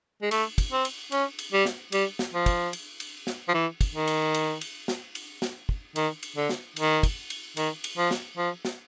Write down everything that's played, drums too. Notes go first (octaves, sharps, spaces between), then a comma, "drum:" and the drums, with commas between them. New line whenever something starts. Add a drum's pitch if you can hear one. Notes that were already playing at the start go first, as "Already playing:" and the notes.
G#3
A3, drum: cymbal
drum: kick, cymbal
C4
drum: cymbal
C#4, drum: cymbal
drum: cymbal
G3
drum: snare
G3, drum: cymbal
drum: snare
F3
drum: kick, cymbal
drum: cymbal
drum: cymbal
drum: snare
F3
E3
drum: kick, cymbal
D#3
drum: cymbal
drum: cymbal
drum: cymbal
drum: snare
drum: cymbal
drum: snare
drum: kick
D#3, drum: cymbal
drum: cymbal
D3
drum: snare
D#3, drum: cymbal
drum: kick, cymbal
drum: cymbal
D#3, drum: cymbal
drum: cymbal
F3
drum: snare
F3
drum: snare